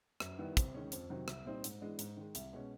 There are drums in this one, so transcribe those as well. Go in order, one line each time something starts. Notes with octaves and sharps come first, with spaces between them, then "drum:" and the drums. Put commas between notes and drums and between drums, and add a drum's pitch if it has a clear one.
F#2, drum: rim click
D#3 G3 B3 E4
C3, drum: kick, hi-hat
D#3 G#3 C#4
F2, drum: hi-hat
C3 D#3 F#3
C2, drum: rim click
A#2 G3 C4 D#4
G#2, drum: hi-hat
E3 G#3 B3 D4
G#2, drum: hi-hat
D#3 G#3
C2, drum: hi-hat
B2 G#3 C#4